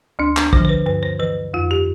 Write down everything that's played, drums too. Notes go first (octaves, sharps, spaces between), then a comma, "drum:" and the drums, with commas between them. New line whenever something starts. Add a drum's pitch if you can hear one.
D2 D4
D4, drum: clap
D3 F3 C5, drum: kick
C5
B4
G2 B4
C5
E3 B4
F2 F4
G4